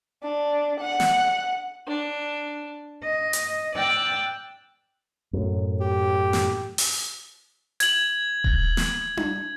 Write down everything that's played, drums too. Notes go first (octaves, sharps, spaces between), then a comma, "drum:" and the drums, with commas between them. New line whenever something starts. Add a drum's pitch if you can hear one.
D4
F#5
drum: snare
D4
D#5
drum: hi-hat
D5 G5 E6 F#6 A6
F#2 A2
G4
drum: snare
drum: open hi-hat
G#6 F#7, drum: hi-hat
drum: kick D#1
drum: snare
drum: tom D4